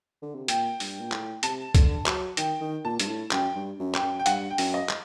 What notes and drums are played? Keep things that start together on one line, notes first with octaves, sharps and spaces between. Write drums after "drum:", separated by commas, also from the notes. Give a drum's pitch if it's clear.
D3
C3
A#2 G5, drum: hi-hat
G2, drum: open hi-hat
A#2
A2, drum: clap
C3 A5, drum: hi-hat
D3, drum: kick C2, hi-hat
F#3, drum: clap
D#3 G5, drum: hi-hat
D#3
A#2 A5
G2, drum: hi-hat
A2
F#2 G5, drum: clap
G2
F#2
G5, drum: clap
F#2
G5
G2 F#5, drum: hi-hat
G5
F#2, drum: open hi-hat
D#5
drum: clap